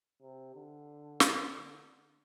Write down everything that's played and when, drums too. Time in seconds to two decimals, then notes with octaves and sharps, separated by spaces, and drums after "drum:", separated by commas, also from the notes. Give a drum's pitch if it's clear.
0.22 C3
0.56 D3
1.20 drum: snare
1.53 D3